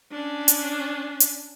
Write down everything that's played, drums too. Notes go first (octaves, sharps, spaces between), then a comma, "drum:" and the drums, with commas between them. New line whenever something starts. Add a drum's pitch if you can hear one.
C#4 D4
drum: hi-hat
drum: hi-hat